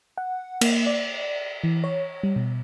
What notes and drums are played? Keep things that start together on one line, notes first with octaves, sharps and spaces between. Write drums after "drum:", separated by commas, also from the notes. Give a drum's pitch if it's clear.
F#5
A#3, drum: cymbal
D5
E3
C#5
G3
B2